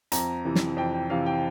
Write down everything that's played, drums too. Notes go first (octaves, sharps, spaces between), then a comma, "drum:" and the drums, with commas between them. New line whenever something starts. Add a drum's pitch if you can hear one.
F2 A#5, drum: hi-hat
C3 E3
drum: snare
F2 G5
G5
C3 E3 F5
G5